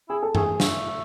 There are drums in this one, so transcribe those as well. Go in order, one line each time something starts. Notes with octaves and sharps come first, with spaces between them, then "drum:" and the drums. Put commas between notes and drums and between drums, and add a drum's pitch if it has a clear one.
E4 G#4
A4
A3 G#4, drum: tom G2
A3, drum: snare